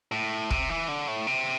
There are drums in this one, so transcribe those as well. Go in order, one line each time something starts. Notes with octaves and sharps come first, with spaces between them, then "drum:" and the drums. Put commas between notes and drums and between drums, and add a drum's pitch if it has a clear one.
A2
C3, drum: kick
E3
D3
A2
C3